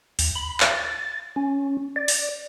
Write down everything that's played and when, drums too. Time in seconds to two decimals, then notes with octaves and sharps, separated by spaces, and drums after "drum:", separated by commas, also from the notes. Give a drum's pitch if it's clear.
0.19 D#2, drum: open hi-hat
0.35 B5
0.60 A6, drum: clap
1.36 C#4
1.96 D5
2.08 drum: open hi-hat